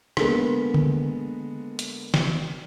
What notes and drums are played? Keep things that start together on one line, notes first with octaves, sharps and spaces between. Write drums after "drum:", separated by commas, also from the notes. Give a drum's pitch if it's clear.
D3 G#3 A#3 B3, drum: rim click
drum: tom D3
drum: hi-hat
drum: snare